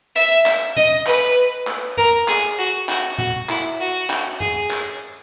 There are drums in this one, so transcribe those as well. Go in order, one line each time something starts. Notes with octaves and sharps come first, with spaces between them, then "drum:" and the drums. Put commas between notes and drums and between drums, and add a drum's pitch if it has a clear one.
E5
drum: clap
D#5, drum: tom
B4, drum: clap
drum: clap
A#4, drum: tom
G#4, drum: clap
F#4
F#4, drum: clap
F#4, drum: tom
E4, drum: clap
F#4
drum: clap
G#4, drum: tom
drum: clap